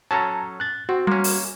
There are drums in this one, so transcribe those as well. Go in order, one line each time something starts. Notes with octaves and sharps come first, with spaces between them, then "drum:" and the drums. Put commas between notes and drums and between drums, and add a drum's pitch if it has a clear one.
F#3 C#4 A4 A5 A#5
F#6 A6
C4 F#4
G3 A#3 C#4
drum: open hi-hat